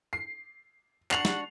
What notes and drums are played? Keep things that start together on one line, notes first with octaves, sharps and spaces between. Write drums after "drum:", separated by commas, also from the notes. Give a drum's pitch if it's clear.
C7
D4 F#4 F#5 C7 F7, drum: clap
drum: snare